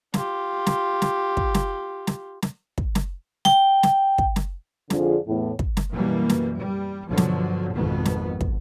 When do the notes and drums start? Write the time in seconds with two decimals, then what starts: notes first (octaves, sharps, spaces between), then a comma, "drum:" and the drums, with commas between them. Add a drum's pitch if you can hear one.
0.14 F4 G4, drum: snare
0.66 drum: snare
1.02 drum: snare
1.37 drum: kick
1.54 drum: snare
2.07 drum: snare
2.42 drum: snare
2.78 drum: kick
2.95 drum: snare
3.45 G5, drum: snare
3.83 drum: snare
4.18 drum: kick
4.36 drum: snare
4.90 F2 D3 D4 F4 G#4, drum: snare
5.28 E2 A2
5.59 drum: kick
5.77 drum: snare
5.92 F#2 B2 E3 G3 A#3
6.29 drum: snare
6.57 G3
7.08 G2 B2 D3 F3 F#3
7.17 drum: snare
7.74 G#1 F2 B2 D#3 B3
8.05 drum: snare
8.41 drum: kick